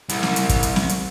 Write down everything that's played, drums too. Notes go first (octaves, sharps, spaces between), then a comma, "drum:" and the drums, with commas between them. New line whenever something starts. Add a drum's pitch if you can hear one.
C2, drum: hi-hat
drum: snare
drum: hi-hat
drum: kick, hi-hat
drum: hi-hat
drum: snare
drum: hi-hat